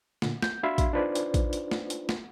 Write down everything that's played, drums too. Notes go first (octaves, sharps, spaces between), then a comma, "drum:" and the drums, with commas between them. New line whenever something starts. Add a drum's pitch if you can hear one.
A#2 D3, drum: snare
G6, drum: snare
D4 F#4 E5 F5 B5 C6
drum: kick A#1, hi-hat
D4 D#4 F4 B4 C5 D5
drum: hi-hat
drum: kick A#1, hi-hat
drum: hi-hat
drum: snare
drum: hi-hat
drum: snare